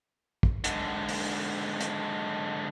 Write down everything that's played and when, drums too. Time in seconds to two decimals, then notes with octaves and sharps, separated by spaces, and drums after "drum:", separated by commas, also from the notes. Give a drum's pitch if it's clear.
0.43 drum: kick
0.64 G#2 D3, drum: hi-hat
1.09 drum: open hi-hat
1.81 drum: hi-hat